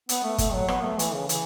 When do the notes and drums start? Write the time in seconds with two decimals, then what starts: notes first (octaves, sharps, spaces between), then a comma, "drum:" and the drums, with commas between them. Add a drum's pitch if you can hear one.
0.09 B3, drum: hi-hat
0.23 A3
0.38 A3, drum: kick, hi-hat
0.54 F#3
0.68 B3, drum: rim click
0.84 A3
0.99 E3, drum: hi-hat
1.14 C#3
1.29 E3, drum: hi-hat